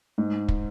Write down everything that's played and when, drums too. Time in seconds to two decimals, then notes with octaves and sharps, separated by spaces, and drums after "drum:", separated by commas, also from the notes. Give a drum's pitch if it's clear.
0.18 G#2
0.48 drum: kick